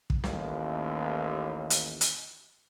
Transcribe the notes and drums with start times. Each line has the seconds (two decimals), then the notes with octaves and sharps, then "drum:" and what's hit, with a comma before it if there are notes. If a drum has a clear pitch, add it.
0.10 drum: kick
0.24 A1 D#2, drum: snare
1.70 drum: hi-hat
2.01 drum: hi-hat